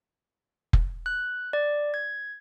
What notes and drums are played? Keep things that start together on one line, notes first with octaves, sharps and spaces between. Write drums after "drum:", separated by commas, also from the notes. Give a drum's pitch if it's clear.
drum: kick F1
F#6
D5
G#6